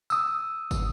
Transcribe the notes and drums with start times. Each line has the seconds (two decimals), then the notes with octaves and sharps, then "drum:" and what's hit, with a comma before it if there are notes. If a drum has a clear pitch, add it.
0.10 D#6 E6, drum: tambourine
0.71 drum: kick, tambourine